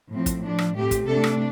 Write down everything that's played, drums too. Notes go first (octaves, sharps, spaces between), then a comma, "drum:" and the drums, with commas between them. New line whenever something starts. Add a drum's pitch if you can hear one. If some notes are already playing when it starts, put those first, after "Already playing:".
A2 F3 C4
drum: kick, hi-hat
F3 D4
drum: rim click
A2 A3 C4 G4
drum: kick, hi-hat
C3 A3 D4 A4
drum: rim click